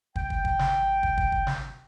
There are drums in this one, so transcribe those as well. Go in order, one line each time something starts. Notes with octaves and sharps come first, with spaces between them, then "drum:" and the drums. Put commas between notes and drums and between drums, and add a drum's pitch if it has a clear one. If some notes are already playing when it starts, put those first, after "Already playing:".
G#1 G5, drum: kick
drum: kick
drum: kick
drum: snare
drum: kick
drum: kick
drum: kick
drum: snare